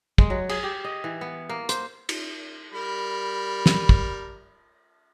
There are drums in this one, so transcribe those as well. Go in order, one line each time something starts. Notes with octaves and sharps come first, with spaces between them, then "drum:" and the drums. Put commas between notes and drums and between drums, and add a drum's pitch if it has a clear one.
G#3, drum: kick
F#3
G#4, drum: cymbal
G4
D#5
E3
B3
A#3
C5, drum: hi-hat
drum: cymbal
G3 A#4 B5
drum: snare
drum: kick